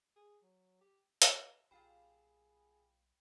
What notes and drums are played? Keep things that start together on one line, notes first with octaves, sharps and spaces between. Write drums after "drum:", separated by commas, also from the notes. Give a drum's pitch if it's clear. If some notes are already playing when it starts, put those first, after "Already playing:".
G#4
F#3
G4
drum: hi-hat
B1 A#2 F4 G4 G#4 G5 B5